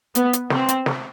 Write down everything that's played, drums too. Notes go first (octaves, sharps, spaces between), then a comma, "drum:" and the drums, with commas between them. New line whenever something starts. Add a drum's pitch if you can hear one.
B3, drum: hi-hat
drum: hi-hat
C4, drum: snare
drum: hi-hat
drum: snare